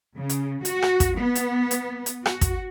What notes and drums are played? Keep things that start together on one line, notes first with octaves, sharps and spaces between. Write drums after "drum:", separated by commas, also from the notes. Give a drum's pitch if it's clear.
C#3
drum: hi-hat
F#4, drum: hi-hat
drum: rim click
drum: kick, hi-hat
B3
drum: hi-hat
drum: hi-hat
drum: hi-hat
F#4, drum: rim click
drum: kick, hi-hat